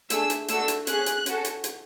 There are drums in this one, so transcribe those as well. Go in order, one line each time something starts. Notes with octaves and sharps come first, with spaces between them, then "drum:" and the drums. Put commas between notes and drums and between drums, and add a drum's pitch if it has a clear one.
A3 D4 G#4 E6, drum: hi-hat
drum: hi-hat
A3 D4 F#4 A4 E6, drum: hi-hat
drum: hi-hat
C#4 G#4 F#6, drum: hi-hat
drum: hi-hat
C#4 F#4 A4, drum: hi-hat
drum: hi-hat
drum: hi-hat